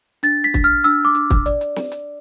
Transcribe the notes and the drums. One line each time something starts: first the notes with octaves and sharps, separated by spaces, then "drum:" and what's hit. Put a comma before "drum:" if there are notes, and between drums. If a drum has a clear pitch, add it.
D4 A6, drum: hi-hat
B6
D4, drum: kick, hi-hat
F6
D4 E6, drum: hi-hat
D6
D4, drum: hi-hat
drum: kick, hi-hat
D5, drum: hi-hat
drum: hi-hat
drum: snare
drum: hi-hat